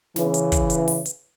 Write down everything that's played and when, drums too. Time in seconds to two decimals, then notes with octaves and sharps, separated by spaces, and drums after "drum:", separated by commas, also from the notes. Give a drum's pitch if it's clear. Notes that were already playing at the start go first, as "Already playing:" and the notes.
0.16 C#3 E3, drum: snare
0.34 drum: hi-hat
0.52 drum: kick, hi-hat
0.70 drum: hi-hat
0.88 drum: open hi-hat
1.06 drum: hi-hat